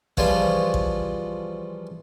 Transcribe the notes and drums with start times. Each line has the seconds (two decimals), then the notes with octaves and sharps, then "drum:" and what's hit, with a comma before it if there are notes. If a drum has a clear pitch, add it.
0.17 E3 F3 G3 G#3 F4 C#5, drum: kick
0.74 drum: kick